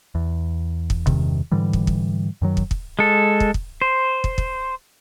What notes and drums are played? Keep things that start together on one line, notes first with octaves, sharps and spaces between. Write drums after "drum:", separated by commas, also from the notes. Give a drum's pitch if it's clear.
E2
drum: kick
E2 G2 C3 D#3, drum: kick
G#2 D3 E3 G3
drum: kick
drum: kick
F#2 D#3 F#3
drum: kick
drum: kick
G#3 A4
drum: kick
drum: kick
C5
drum: kick
drum: kick